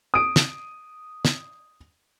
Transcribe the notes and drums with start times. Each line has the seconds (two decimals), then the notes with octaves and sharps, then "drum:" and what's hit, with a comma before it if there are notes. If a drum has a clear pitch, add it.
0.14 D#6 D7
0.36 drum: snare
1.25 drum: snare